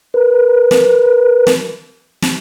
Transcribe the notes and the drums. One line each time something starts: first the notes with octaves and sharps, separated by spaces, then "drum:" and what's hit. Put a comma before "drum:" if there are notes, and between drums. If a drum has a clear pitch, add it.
A#4 B4
drum: snare
drum: snare
drum: snare